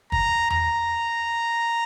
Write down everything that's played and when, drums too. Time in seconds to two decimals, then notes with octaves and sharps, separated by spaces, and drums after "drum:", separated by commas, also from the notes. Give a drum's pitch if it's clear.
0.12 A#5, drum: kick
0.50 A#5, drum: tom E2